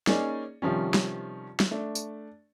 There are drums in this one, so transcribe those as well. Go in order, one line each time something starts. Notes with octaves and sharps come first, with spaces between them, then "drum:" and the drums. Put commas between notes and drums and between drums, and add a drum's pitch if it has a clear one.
A#3 C#4 D#4 G#4 D5, drum: snare
C3 D#3 F3 G3 C#4
drum: snare
drum: snare
A3 D4
drum: tambourine